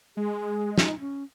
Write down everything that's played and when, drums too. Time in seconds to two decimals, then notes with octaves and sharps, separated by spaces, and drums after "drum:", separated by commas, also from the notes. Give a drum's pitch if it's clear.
0.17 G#3 G#4
0.78 D#4, drum: snare
1.00 C#4